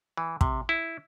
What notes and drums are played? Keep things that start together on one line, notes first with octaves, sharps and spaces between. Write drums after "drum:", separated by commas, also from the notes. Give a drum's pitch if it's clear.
E3
C3, drum: kick
E4